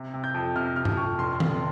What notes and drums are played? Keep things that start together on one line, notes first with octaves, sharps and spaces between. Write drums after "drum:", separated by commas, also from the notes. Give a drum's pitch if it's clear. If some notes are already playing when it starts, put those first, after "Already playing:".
Already playing: C3
C3
G6
F2
C3 F6
C3 F6
drum: tom G2
F2 C#6
F1 C6
F1, drum: tom D#3